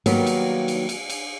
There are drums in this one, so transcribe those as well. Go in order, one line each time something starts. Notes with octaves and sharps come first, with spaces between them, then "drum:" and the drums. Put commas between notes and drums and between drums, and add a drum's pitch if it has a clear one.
D#3 F#3 G3 A#3 B3, drum: cymbal
drum: cymbal
drum: cymbal
drum: cymbal
drum: cymbal